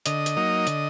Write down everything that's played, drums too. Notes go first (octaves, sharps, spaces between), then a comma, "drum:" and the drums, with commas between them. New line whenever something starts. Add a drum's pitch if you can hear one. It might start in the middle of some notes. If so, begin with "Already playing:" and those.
D3 D#5, drum: hi-hat
drum: hi-hat
F#3 A#3 D#4
D3, drum: hi-hat